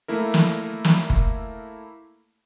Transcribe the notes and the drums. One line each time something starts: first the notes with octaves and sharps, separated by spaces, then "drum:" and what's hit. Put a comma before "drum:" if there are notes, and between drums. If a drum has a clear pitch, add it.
A3 A#3 E4 A#4
drum: snare
drum: snare
drum: kick F#1